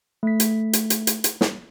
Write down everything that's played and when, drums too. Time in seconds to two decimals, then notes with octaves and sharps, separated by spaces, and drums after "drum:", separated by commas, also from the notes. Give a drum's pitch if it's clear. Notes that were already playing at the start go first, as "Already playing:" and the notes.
0.23 A3 B6
0.40 drum: hi-hat
0.73 drum: hi-hat
0.90 drum: hi-hat
1.07 drum: hi-hat
1.24 drum: hi-hat
1.41 drum: snare